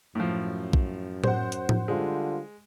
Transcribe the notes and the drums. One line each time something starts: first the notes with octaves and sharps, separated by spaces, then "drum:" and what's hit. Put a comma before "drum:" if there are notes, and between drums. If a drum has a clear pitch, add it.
F#2 A2 F3
drum: kick
C5 F#5, drum: tom A2
drum: hi-hat
drum: tom A2
D3 G3 G#3 F4